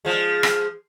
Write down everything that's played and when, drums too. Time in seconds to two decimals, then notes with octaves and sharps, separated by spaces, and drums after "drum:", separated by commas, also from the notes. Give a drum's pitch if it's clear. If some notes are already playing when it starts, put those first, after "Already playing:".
0.05 F3 G#3
0.43 drum: rim click